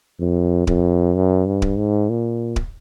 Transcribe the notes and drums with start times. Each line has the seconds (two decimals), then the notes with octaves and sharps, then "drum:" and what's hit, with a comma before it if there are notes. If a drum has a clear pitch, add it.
0.20 F2
0.67 F2, drum: kick D1
1.15 F#2
1.46 G2
1.62 drum: kick D1
1.78 G#2
2.10 A#2
2.56 drum: kick D1